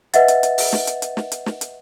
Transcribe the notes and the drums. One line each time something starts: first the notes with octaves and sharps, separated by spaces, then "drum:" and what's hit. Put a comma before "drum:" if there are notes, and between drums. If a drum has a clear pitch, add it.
B4 D#5 E5 F#5 A6, drum: hi-hat
drum: hi-hat
drum: hi-hat
drum: open hi-hat
drum: snare
drum: hi-hat
drum: hi-hat
drum: snare
drum: hi-hat
drum: snare
drum: hi-hat